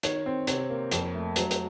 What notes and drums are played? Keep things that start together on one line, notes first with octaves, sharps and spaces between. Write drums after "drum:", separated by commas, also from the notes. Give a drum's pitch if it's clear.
D#3 C#5, drum: hi-hat
C4
C3 C#5, drum: hi-hat
A#3
F2, drum: hi-hat
A3
F#3, drum: hi-hat
drum: hi-hat